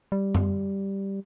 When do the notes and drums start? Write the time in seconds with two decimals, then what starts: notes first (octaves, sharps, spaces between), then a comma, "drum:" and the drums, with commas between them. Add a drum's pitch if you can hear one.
0.12 G3
0.35 drum: tom F#2